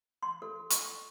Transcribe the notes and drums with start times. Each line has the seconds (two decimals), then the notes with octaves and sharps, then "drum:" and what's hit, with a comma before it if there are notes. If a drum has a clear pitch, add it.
0.23 C6
0.42 A4
0.70 C#6, drum: hi-hat